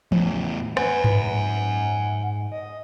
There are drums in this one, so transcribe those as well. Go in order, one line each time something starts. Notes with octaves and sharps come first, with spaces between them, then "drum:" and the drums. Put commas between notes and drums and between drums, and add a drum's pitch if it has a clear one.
E2 A2, drum: tom E3
B4 F#5 G#5, drum: rim click
drum: tom G2
G#2
D#5